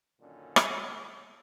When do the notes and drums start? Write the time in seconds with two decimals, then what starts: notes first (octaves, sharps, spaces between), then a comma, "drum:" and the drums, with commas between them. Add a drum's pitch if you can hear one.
0.21 F#2 A#2 D3 D#3 C#4
0.56 drum: rim click